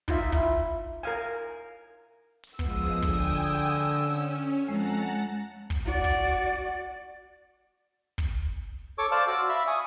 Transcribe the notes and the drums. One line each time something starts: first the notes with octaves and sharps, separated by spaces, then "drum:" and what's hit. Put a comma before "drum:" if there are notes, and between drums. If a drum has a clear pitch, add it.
D#4 F4 E5, drum: kick
E4, drum: kick
A#4 F5 G#5
drum: open hi-hat
F3 G#3 B3 D#6 E6, drum: kick
D3 G5 G#5 D#6, drum: kick
C#4
F2 G#3 F#5 A5 A#5
drum: kick
F#4 D5, drum: hi-hat
drum: kick
drum: kick
A4 C#5 C#6 D6
C5 D5 F5 A5
F#4 D6 E6
E5 F5 B5 F6
G#5 C#6 D#6